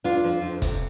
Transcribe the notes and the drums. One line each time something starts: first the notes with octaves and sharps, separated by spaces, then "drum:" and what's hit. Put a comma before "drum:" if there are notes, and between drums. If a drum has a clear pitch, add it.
F2 D4 F4
F3
F2
C3, drum: kick, hi-hat